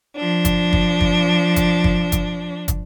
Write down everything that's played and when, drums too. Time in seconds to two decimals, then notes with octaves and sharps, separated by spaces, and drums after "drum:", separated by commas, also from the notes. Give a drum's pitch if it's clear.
0.17 F3 D4
0.45 drum: kick, hi-hat
0.73 drum: kick
1.01 drum: kick
1.56 drum: kick, hi-hat
1.84 drum: kick
2.12 drum: kick, hi-hat
2.68 drum: kick, hi-hat